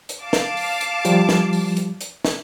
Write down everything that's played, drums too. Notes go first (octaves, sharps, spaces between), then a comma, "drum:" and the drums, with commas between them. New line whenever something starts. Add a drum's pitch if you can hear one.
drum: hi-hat
F5 A5 D6
drum: snare
drum: open hi-hat
drum: hi-hat
F3 G3, drum: hi-hat
drum: snare
drum: open hi-hat
drum: hi-hat
drum: hi-hat
drum: snare